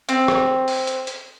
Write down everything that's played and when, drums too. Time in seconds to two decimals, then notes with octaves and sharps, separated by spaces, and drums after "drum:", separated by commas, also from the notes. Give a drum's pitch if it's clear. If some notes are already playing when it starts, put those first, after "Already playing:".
0.09 C4, drum: hi-hat
0.28 drum: rim click
0.68 drum: open hi-hat
0.87 drum: hi-hat
1.07 drum: hi-hat